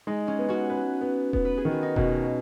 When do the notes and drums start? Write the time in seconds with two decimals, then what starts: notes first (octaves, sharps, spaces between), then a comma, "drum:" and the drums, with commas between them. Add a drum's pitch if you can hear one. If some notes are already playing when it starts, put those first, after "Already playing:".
0.07 G#3 D#4
0.28 C#4
0.39 B3
0.49 C#4 F#4
0.70 B4
1.01 B3
1.33 B3, drum: kick E1
1.45 B4
1.57 G#4
1.65 D#3
1.71 F#4
1.83 D#4
1.96 B2 C#4, drum: kick E1